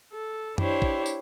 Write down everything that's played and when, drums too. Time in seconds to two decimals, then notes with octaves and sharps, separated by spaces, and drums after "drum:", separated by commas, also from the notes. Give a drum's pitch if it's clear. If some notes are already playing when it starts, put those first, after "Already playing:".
0.13 A4
0.58 D4 E4 G4 C5 C#5, drum: tom F#2
0.82 drum: kick
1.06 drum: tambourine